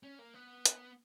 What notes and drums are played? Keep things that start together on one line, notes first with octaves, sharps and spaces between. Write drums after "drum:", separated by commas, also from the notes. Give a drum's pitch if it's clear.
C#4
A#3
B3
drum: hi-hat